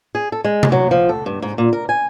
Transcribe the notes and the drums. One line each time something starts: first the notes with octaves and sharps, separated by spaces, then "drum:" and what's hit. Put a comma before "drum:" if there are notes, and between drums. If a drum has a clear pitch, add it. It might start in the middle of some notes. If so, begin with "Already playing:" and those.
G#4
A4
G#3
drum: tom C3
F#3
F3
A4
G2
G#2
A#2
A#4
G#5